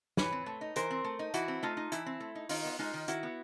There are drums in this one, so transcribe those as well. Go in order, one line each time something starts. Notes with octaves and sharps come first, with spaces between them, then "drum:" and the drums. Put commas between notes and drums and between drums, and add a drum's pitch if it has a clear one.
E3 B4 C#5, drum: snare
C4
A3
D#4
E3 A#4 C5, drum: hi-hat
C4
A3
D#4
E3 E4 F#4, drum: hi-hat
C4
A3 D#4 F4
D#4
E3 E4, drum: hi-hat
C4
A3
D#4
D#3 D#4 F4, drum: open hi-hat
B3
G#3 D#4 F4
D#3
D#3 E4 F#4, drum: hi-hat
B3